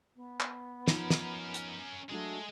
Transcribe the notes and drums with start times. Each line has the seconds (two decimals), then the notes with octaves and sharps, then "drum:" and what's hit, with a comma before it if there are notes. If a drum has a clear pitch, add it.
0.16 B3
0.40 drum: clap
0.88 F3 C#4 D#4 A#4, drum: snare
1.10 drum: snare
1.54 drum: hi-hat
2.10 F#3 G#3 A3 D4 F#4 G#4